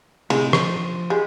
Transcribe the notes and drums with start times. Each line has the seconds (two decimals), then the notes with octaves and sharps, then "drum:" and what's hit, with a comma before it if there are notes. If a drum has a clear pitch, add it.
0.30 A2 C3 G#3, drum: cymbal
0.53 F3 C5, drum: rim click
1.10 G#3 G4